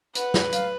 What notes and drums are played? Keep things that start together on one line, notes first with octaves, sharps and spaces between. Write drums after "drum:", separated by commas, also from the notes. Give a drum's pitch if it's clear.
B4 F#5, drum: hi-hat
drum: snare
F5, drum: hi-hat